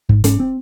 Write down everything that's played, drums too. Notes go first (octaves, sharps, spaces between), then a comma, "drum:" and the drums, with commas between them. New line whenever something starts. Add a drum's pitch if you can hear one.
G#2, drum: kick
G#2 C#4, drum: hi-hat
C4